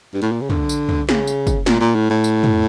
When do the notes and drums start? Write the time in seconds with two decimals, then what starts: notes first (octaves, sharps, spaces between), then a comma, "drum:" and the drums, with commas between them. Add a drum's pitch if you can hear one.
0.14 G2
0.22 A2
0.31 A#2
0.41 C#3
0.50 D3, drum: tom
0.69 drum: tambourine
0.89 drum: tom
1.09 C#3, drum: snare
1.27 drum: tambourine
1.47 drum: kick, tambourine
1.66 A#2, drum: snare
1.80 A#2
1.95 A2
2.10 A2
2.24 drum: tambourine
2.43 drum: tom